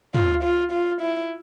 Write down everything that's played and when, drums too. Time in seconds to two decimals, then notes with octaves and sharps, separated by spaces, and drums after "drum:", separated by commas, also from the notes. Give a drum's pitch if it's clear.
0.14 F4, drum: tom
0.43 F4
0.72 F4
1.01 E4